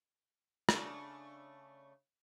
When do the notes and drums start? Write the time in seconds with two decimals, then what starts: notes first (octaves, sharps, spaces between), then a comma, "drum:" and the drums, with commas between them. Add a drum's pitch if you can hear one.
0.69 C#3 A3 D4, drum: rim click